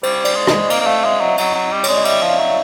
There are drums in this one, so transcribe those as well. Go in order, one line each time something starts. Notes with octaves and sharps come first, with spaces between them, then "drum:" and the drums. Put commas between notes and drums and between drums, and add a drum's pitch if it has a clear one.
G3 C5, drum: cymbal
D5, drum: cymbal
G#3
D#5, drum: rim click
A#3 D#5, drum: cymbal
A#3
A3 F5
G#3 E5
F#3 D#5
F#3, drum: cymbal
F#3
G3
C#5, drum: cymbal
G#3 D5
D#5
G3 E5, drum: cymbal
F3 F5
F#3 E5